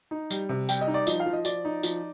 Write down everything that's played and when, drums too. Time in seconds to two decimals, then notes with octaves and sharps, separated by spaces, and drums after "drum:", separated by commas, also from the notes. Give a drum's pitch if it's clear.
0.11 D#4
0.30 G3, drum: tambourine
0.49 C3
0.69 G3 G5, drum: tambourine
0.81 D#5
0.87 D#4
0.94 D5
1.07 F3 D#5, drum: tambourine
1.20 F5
1.26 F3
1.33 D#5
1.45 F3 D5, drum: tambourine
1.65 D#4
1.83 F3, drum: tambourine